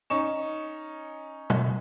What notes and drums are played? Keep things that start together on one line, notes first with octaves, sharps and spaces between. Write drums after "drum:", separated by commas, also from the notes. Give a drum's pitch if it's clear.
C#4 D#4 C#6 E7
drum: tom